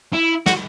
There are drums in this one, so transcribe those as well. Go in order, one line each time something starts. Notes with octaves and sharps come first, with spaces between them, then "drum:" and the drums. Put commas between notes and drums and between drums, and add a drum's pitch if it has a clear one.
E4
F#4, drum: snare